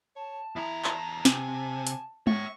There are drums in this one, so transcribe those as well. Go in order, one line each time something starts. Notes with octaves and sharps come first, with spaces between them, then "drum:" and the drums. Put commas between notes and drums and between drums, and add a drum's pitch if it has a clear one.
C#5 A5
E2 E4 A#5
A5, drum: clap
C3 G#5, drum: snare
drum: hi-hat
C#5 E5 C#6, drum: tom G#3